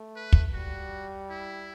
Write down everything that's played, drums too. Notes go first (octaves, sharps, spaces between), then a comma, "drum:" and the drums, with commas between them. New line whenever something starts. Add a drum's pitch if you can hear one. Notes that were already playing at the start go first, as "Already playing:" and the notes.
Already playing: A3
B4
drum: kick
G3 F#4
E4